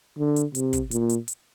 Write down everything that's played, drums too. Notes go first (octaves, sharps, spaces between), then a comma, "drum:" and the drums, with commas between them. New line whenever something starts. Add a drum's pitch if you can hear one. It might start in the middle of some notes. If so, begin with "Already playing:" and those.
D3
drum: hi-hat
C3, drum: hi-hat
drum: kick, hi-hat
A#2, drum: hi-hat
drum: hi-hat
drum: hi-hat